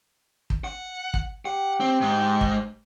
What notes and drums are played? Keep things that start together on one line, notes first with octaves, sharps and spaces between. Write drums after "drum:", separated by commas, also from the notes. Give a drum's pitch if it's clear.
drum: kick
F#5
drum: kick
G4 F#5
C4
G#2
drum: kick